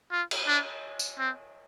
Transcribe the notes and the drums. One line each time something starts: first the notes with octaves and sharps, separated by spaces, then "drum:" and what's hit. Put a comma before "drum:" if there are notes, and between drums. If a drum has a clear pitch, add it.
F4
drum: cymbal
D4
drum: tambourine
C4